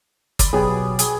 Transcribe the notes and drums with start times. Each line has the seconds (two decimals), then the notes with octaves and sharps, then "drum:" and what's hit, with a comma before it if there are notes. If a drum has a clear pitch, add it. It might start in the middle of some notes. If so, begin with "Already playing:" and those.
0.39 D5 B5 C6, drum: kick, hi-hat
0.53 B2 F#3 G3 B3 G#4 G#5
0.99 G#4, drum: hi-hat